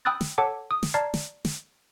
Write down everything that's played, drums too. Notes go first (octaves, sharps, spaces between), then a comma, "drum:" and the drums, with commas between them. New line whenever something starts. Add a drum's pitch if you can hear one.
G5 B5 D#6 E6 F#6 A6
drum: snare
A4 C#5 F#5 A5 D6
D#6
drum: snare
D5 A5 A#5 F6 G#6 C7
drum: snare
drum: snare